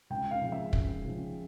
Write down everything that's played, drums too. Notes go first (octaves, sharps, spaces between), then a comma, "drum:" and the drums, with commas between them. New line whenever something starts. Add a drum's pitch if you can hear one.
C#2 G5
F5
C#3 F3 G#3
E5
C#2, drum: kick
C#3 F3 G#3